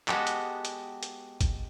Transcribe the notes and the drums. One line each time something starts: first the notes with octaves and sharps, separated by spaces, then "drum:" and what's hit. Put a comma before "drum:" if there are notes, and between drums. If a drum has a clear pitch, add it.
G#3 B3 F#4 G4 A4, drum: clap
drum: hi-hat
drum: hi-hat
drum: hi-hat
drum: kick G1, hi-hat